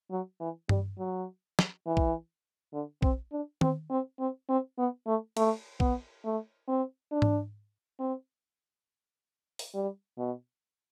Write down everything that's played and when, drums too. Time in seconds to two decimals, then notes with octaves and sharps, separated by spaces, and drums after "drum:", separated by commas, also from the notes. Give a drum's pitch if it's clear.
0.11 F#3
0.40 E3
0.69 G3, drum: tom G2
0.98 F#3
1.59 drum: snare
1.87 E3
1.97 drum: kick A#1
2.73 D3
3.02 C4, drum: kick A#1
3.32 D4
3.61 C4, drum: tom D#3
3.90 C4
4.19 C4
4.49 C4
4.78 B3
5.07 A3
5.37 A3, drum: cymbal
5.80 B3, drum: kick A#1
6.24 A3
6.68 C4
7.12 D4
7.22 drum: tom G#2
8.00 C4
9.59 drum: open hi-hat
9.74 G3
10.18 B2